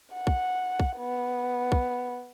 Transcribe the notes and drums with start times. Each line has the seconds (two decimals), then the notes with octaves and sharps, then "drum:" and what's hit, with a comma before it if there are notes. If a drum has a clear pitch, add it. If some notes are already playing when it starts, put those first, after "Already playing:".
0.14 F#5
0.27 drum: kick
0.80 drum: kick
0.98 B3
1.72 drum: kick